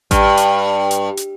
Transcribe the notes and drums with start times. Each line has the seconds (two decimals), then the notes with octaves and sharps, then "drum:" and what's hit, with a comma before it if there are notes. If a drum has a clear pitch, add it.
0.11 G2, drum: kick A1, hi-hat
0.37 drum: hi-hat
0.91 drum: hi-hat
1.17 drum: hi-hat